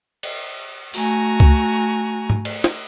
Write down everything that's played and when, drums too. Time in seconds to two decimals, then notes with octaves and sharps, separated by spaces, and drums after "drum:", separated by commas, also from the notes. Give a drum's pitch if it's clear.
0.23 drum: cymbal
0.94 A3 F#4 G#5 A#5, drum: open hi-hat
1.40 drum: kick C#2
2.30 drum: tom G#2
2.45 drum: cymbal
2.64 drum: snare